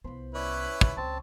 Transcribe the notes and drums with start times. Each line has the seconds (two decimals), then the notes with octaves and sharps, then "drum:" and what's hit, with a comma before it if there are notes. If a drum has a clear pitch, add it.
0.04 C2 B3 C5 B5
0.35 C#4 E4 B4 C#5 D5
0.81 drum: kick
0.97 C#2 C4 A5